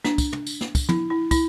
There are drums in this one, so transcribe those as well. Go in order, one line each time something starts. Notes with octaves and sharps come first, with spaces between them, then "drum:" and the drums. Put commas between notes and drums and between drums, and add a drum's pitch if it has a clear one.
D4, drum: snare
drum: kick, tambourine
drum: tom
drum: tambourine
drum: snare
drum: kick, tambourine
E4, drum: tom
E4
E4, drum: kick, tambourine